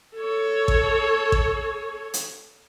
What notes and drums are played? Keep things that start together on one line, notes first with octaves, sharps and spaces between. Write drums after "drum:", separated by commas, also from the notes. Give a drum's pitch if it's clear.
A4 C#5
drum: kick A1
drum: kick A1
drum: hi-hat